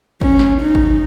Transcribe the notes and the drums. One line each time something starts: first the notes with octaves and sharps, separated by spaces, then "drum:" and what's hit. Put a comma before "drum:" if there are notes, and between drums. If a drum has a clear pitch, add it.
C#4, drum: kick G#1
drum: snare
D#4
drum: kick G#1